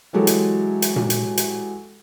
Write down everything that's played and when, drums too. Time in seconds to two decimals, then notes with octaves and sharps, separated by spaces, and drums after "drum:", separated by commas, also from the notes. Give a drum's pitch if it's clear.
0.13 E3 F#3 G#3 F#4 G4 A4
0.27 drum: hi-hat
0.82 drum: hi-hat
0.96 drum: tom A#2
1.10 drum: hi-hat
1.37 drum: hi-hat